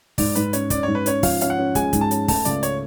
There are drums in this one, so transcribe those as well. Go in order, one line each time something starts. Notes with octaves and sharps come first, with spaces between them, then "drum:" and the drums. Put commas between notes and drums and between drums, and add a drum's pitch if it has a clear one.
G#2 D5, drum: kick, open hi-hat
G#2 B4, drum: hi-hat
C#4 C#5, drum: hi-hat
C#4 D5, drum: kick, hi-hat
G#2 C#5
B4
C#4 C#5, drum: hi-hat
F3 F5, drum: kick, open hi-hat
C#4 F5, drum: hi-hat
F#5
C#4
G#3 G#5, drum: kick, hi-hat
G#2, drum: kick, hi-hat
A5
C#4, drum: hi-hat
A3 A5, drum: kick, open hi-hat
C#2 D5, drum: hi-hat
C#5, drum: hi-hat